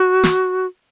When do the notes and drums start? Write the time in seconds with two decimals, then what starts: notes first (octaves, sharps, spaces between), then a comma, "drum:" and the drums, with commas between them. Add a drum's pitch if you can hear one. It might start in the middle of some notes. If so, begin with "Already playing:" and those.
Already playing: F#4
0.24 drum: snare